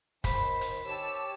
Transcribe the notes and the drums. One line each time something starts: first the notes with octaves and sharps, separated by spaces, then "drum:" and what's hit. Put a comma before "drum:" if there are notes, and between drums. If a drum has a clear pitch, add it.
D#3 C5 B5, drum: kick, hi-hat
drum: hi-hat
G4 C#5 A5 E6